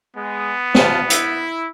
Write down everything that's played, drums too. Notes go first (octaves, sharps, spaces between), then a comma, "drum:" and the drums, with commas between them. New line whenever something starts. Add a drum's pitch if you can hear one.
G#3 B3
F4 A5, drum: snare
E4, drum: hi-hat